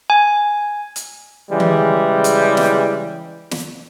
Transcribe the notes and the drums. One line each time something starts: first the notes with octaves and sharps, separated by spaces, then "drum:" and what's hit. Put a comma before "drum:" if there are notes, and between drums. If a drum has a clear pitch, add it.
G#5
drum: hi-hat
C#3 E3 G3 G#3
drum: tom D#3
drum: hi-hat
drum: snare
drum: snare